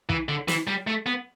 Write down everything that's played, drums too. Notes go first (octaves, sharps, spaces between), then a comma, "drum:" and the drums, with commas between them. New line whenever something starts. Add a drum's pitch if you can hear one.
E3, drum: kick
D3
E3, drum: snare
G3
A3
B3